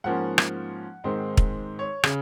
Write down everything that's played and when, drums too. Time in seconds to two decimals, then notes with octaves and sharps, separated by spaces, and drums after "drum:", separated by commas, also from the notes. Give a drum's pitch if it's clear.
0.04 G#2 F3 A#3 C#4 F#5
0.38 drum: rim click
1.04 G#2 D#3 G#3 C4
1.37 drum: kick
1.79 C#5
2.03 C#3, drum: rim click